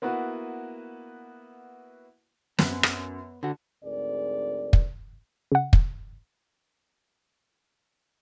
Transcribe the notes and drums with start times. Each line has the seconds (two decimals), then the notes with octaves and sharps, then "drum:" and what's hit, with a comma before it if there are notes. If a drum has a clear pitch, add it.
0.02 A#3 B3 E4 F#4 B4
2.59 F#2 B3, drum: snare
2.83 drum: rim click
3.43 D3 F#4
3.85 D2 G#2 C4 G#4 A#4 D5
4.73 drum: kick
5.52 C#3 F#5
5.73 drum: kick